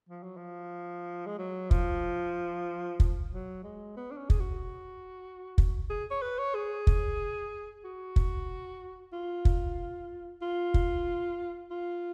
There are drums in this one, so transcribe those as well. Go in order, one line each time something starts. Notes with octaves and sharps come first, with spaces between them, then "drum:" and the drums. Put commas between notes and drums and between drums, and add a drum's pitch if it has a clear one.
F3
F#3
F3
G#3
F#3
F3, drum: kick
drum: kick
F#3
G#3
B3
D4
C#4
G#4, drum: kick
F#4
drum: kick
G#4
C#5
B4
C#5
G#4
drum: kick
F#4
drum: kick
F4
drum: kick
F4
drum: kick
F4